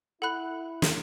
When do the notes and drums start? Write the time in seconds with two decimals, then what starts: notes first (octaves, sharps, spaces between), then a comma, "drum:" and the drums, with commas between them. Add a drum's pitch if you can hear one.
0.21 E4 A4 F#5 B5 F#6
0.82 drum: snare